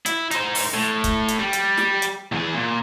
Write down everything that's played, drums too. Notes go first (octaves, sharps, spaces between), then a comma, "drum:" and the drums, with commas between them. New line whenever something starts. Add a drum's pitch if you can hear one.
E4, drum: hi-hat
D#4 C5, drum: hi-hat
drum: open hi-hat
A2
drum: kick, hi-hat
drum: hi-hat
G3
drum: hi-hat
drum: snare
drum: hi-hat
E2 G#4
A#2